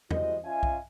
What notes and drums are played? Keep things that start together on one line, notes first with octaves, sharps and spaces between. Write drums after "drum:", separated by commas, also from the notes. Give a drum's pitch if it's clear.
G3 G#3 E4 F#4 C5 D#5, drum: tom
C#4 F4 D#5 E5 G#5
drum: kick B1